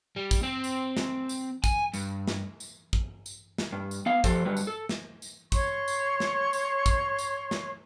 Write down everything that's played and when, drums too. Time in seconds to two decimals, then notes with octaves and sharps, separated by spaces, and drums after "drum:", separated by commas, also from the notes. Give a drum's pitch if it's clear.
0.16 G3
0.31 drum: kick, tambourine
0.43 C4
0.64 drum: tambourine
0.97 drum: snare
1.29 drum: tambourine
1.64 G#5, drum: kick, tambourine
1.94 G2, drum: tambourine
2.28 drum: snare
2.60 drum: tambourine
2.93 drum: kick
3.26 drum: tambourine
3.58 drum: snare
3.72 G2
3.91 drum: tambourine
4.06 B3 F5
4.24 F3 G4 A4 C5, drum: kick, tambourine
4.45 D3 F#3 G3 B4
4.57 drum: tambourine
4.67 A4
4.89 drum: snare
5.22 drum: tambourine
5.52 C#5 C6 C#6, drum: kick, tambourine
5.88 drum: tambourine
6.20 drum: snare
6.53 drum: tambourine
6.86 drum: kick, tambourine
7.19 drum: tambourine
7.51 drum: snare